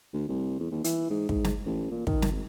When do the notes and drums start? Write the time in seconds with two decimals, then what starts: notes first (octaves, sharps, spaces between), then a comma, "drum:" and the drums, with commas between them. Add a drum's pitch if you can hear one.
0.13 D2
0.29 C2
0.60 E2
0.71 D#2
0.84 E3, drum: hi-hat
1.10 G#2
1.29 G#2, drum: kick
1.44 drum: snare
1.66 A1
1.91 A#2
2.07 D#3, drum: kick
2.22 drum: snare
2.32 G#1